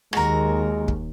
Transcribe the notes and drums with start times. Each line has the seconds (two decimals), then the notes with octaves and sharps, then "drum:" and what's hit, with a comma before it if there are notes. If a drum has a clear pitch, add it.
0.13 D#2 G#3 F#4 A#4, drum: rim click
0.88 drum: kick